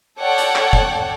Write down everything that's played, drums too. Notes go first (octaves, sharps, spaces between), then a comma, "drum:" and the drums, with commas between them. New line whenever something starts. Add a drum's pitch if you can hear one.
A4 C#5 D5 F#5 G5 A5
drum: hi-hat
drum: clap
drum: kick